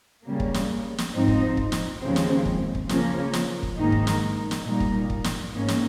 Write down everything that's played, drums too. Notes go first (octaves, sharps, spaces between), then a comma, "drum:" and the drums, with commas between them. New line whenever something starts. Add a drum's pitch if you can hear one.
C#3 G3 A#3
drum: kick
drum: snare
drum: snare
G#2 F3 C4 D#4
drum: kick
drum: kick
drum: snare
D#2 C#3 F3 G#3 C4
drum: snare
drum: kick
drum: kick
C#3 F3 A#3 C#4, drum: snare
drum: snare
drum: kick
G#2 D#3 A#3 D#4
drum: kick
drum: snare
drum: snare
A#2 G3 A#3 D#4
drum: kick
drum: kick
drum: snare
G#2 D#3 A#3 C#4
drum: snare